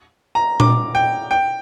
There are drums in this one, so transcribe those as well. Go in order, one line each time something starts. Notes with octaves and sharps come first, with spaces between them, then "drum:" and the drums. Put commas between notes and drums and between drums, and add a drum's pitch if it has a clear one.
A#5
D6, drum: tom A#2
G5
G5